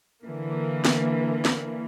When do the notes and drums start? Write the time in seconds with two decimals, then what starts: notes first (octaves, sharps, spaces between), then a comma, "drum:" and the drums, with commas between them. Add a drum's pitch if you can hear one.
0.25 D3 E3 A#3
0.85 drum: snare
1.45 drum: snare